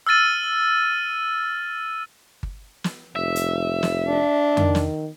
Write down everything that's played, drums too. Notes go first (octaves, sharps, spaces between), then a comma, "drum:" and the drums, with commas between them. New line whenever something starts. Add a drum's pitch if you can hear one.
E6 F6 A6 D#7
drum: kick G1
drum: snare
F1 E5
drum: hi-hat
drum: snare
D4
D#3, drum: tom F2
drum: snare